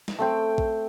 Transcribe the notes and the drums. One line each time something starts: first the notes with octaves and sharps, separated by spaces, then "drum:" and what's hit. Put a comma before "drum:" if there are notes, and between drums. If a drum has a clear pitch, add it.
drum: snare
A3 C4 G5
drum: kick